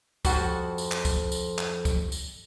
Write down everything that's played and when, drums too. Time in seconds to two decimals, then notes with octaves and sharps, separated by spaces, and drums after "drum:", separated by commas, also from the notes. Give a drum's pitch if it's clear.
0.25 F2 F#4, drum: kick, tambourine
0.78 drum: tambourine
0.92 drum: clap
1.05 drum: kick, tambourine
1.32 drum: tambourine
1.58 drum: clap
1.85 drum: kick, tambourine
2.12 drum: tambourine